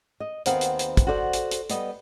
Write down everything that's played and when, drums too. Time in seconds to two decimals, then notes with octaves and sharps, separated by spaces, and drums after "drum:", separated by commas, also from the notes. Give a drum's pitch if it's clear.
0.20 D#5
0.46 D#2 D#3 B3 C4 F5 F#5, drum: hi-hat
0.61 drum: hi-hat
0.79 drum: hi-hat
0.97 drum: kick, hi-hat
1.07 F#4 A4 C5 D5 E5 F#5
1.33 drum: hi-hat
1.51 drum: hi-hat
1.70 G3 B3 D#5, drum: hi-hat